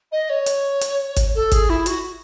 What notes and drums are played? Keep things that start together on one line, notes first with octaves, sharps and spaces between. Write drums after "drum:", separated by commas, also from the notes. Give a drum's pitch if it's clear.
D#5
C#5
drum: hi-hat
drum: hi-hat
drum: kick G1, hi-hat
A4
G#4, drum: kick G1, hi-hat
E4
F#4, drum: hi-hat